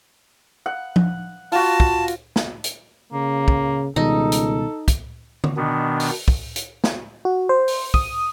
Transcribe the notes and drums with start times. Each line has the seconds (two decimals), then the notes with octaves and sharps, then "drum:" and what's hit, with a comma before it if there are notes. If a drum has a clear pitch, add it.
0.66 F#5
0.96 drum: tom F3
1.52 F4 F#4 A5, drum: open hi-hat
1.80 drum: kick
2.08 drum: hi-hat
2.36 drum: snare
2.64 drum: hi-hat
3.13 C#3 A#3
3.48 drum: kick
3.96 C#2 B2 D#3 G3 D#4 A4
4.32 drum: hi-hat
4.88 drum: kick, hi-hat
5.44 drum: tom D3
5.57 B2 D#3 B3 D4
6.00 drum: open hi-hat
6.28 drum: kick
6.56 drum: hi-hat
6.84 drum: snare
7.25 F#4
7.49 C5
7.68 drum: open hi-hat
7.94 D#6, drum: kick